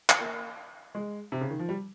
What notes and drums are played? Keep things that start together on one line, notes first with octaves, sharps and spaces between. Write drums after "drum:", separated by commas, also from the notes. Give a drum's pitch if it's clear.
drum: clap
A#3
G#3
C3
C#3
D#3
F3
G3